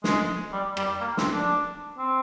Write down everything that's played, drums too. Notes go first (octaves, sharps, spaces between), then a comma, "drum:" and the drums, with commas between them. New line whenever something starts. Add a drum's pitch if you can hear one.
G#3, drum: snare
G3
G3, drum: rim click
A#3
C4, drum: snare
D4
C4